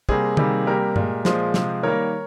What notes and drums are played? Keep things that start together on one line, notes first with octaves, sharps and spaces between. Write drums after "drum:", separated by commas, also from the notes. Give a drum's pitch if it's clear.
C3 G3 A#3 G#4 C5, drum: kick
C3 D#3 G3 A#3, drum: tom
C3 G3 A#3 G4 A#4
A#2 G#3, drum: tom G2
A#2 F3 G#3 G#4 C5, drum: snare
C3 F3 G#3, drum: snare
D#3 G3 A#3 A#4 C#5